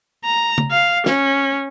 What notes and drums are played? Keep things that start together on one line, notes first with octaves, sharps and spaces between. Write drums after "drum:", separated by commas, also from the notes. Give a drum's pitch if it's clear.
A#5
drum: tom C#3
F5
C#4, drum: snare